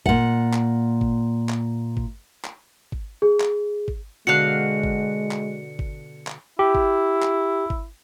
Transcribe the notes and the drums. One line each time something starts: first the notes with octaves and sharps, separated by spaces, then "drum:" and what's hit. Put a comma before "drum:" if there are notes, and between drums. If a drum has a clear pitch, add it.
A#2 F#5, drum: kick G#1
drum: clap
drum: kick G#1
drum: clap
drum: kick G#1
drum: clap
drum: kick G#1
G#4
drum: clap
drum: kick G#1
B2 D3 G#3 F#4 F5 F#6 C#7
drum: kick G#1
drum: clap
drum: kick G#1
drum: clap
E4 G4
drum: kick G#1
drum: clap
drum: kick G#1